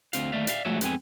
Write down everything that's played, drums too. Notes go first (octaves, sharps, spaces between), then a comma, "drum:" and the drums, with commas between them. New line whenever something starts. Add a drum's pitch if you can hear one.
D2 C4 F5, drum: hi-hat
D#2 A3 D5 E5 F5
D5 E5 F5, drum: hi-hat
F3 G#3 A3 F#4 C#5 E5
F2 G#3 B3 C4 G#5, drum: hi-hat